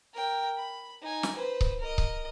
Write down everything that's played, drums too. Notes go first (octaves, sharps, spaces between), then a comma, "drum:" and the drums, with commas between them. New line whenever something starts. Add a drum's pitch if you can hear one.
A#4 G5
B5
D#4 G#5
drum: snare
B4 C5
drum: kick C#1
A#4 D#5
drum: kick C#1